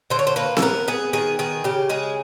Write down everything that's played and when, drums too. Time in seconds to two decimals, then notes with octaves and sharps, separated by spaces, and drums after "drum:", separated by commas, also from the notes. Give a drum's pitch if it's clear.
0.10 D3 C5
0.19 C#5
0.27 C5
0.36 A#3 B4
0.57 A4, drum: snare C4
0.62 B3 A#4
0.88 B3 G#4
1.13 D#3 G#4
1.39 D#3 G#4
1.64 C#3 G4
1.89 G#3 G#4